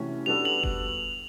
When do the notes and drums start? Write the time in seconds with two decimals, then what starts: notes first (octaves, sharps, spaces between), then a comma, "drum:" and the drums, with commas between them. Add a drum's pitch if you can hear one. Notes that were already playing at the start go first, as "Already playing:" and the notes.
Already playing: C3 E3 A3 C#4 F#4
0.26 G3 B3 D4 F#4 A4 F7
0.45 F#7
0.64 F7, drum: kick F#1